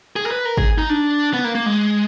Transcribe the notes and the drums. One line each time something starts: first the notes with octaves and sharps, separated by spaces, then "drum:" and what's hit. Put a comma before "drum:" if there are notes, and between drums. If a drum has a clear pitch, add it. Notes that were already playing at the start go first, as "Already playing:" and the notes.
G#4
A#4
B4
A#4
G#4, drum: kick G#1
D#4
D4
B3
A#3
A#3
G#3